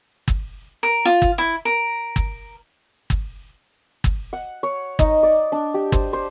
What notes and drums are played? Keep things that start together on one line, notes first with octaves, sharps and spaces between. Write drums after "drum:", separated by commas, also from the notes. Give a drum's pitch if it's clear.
drum: kick G1
A#4
F4
drum: kick G1
E4
A#4
drum: kick G1
drum: kick G1
drum: kick G1
F#5
C#5
D#4, drum: kick G1
D5
D4
G4
C5, drum: kick G1
C5